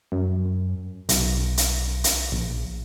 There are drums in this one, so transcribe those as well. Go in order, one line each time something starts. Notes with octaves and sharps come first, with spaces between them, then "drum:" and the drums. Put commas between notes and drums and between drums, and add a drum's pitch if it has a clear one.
F#2
B1, drum: hi-hat
drum: hi-hat
drum: hi-hat
A#1